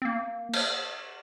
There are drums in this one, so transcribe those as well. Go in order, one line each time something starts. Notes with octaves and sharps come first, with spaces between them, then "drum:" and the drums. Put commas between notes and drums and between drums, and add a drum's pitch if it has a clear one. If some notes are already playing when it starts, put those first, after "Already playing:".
C4
A#3
drum: cymbal